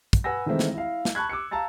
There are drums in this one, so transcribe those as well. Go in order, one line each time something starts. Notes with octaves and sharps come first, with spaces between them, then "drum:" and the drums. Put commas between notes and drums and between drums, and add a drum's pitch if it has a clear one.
drum: kick, hi-hat
B4 F#5 G#5 E6 A#6
D#3 E3 G#3 A3 C4 E4
drum: snare
E4 F5
drum: snare
A5 B5 C#6 F#6 G#6
D6 E6 F#6 C#7
F5 A5 A#5 E6 A6